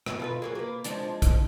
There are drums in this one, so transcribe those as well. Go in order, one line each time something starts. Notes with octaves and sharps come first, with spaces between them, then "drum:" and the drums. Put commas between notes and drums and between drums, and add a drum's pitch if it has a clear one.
E2 B2, drum: rim click
F4 A4 B4
F#3 A#3 G#4
A#3 B4
F3 G#3 D4, drum: hi-hat
drum: kick, hi-hat